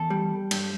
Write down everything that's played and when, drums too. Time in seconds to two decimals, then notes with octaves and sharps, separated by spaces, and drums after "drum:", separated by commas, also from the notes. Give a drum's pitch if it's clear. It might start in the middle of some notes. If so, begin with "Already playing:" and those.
Already playing: E2 A4
0.10 G3
0.51 G2, drum: cymbal